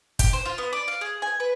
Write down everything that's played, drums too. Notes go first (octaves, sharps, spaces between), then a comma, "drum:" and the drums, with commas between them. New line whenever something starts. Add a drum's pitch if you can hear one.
G4, drum: kick, hi-hat
C5
F4
B3
D5
F5
G#4
G#5
B4